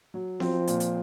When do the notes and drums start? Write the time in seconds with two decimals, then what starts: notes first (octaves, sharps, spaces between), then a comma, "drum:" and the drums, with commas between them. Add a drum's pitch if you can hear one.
0.14 F#3
0.40 F3 C4, drum: snare B3
0.67 A#2, drum: hi-hat
0.80 drum: hi-hat